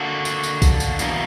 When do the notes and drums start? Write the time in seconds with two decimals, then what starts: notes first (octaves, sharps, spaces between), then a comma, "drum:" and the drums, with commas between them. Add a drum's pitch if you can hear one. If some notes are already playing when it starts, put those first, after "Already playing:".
Already playing: D3 A#3 D4 F#4
0.25 drum: tambourine
0.44 drum: tambourine
0.62 drum: kick B1, tambourine
0.80 drum: tambourine
0.99 E2 B2 A#3, drum: tambourine